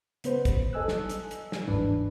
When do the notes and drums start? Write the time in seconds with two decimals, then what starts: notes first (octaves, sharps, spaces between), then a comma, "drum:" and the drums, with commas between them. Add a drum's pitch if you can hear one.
0.24 C#3 B3 B4 C5, drum: hi-hat
0.45 drum: kick, hi-hat
0.73 A4 D#5 G#5 E6 F#6
0.88 drum: snare
1.09 drum: hi-hat
1.31 drum: hi-hat
1.52 drum: snare
1.67 G1 D#2 G#2 E3 D4 B4